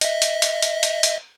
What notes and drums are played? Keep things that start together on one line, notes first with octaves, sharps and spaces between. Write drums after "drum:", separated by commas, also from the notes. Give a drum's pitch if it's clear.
D#5 E5, drum: hi-hat
drum: hi-hat
drum: hi-hat
drum: hi-hat
drum: hi-hat
drum: hi-hat